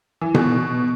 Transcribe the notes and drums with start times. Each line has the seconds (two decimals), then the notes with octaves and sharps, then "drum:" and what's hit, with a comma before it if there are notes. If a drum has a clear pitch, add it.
0.21 E3
0.34 B2, drum: tom B2